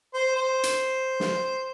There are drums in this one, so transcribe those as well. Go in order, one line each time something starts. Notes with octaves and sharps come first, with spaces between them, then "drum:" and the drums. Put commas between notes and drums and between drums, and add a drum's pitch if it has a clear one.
C5
C5
drum: hi-hat
drum: snare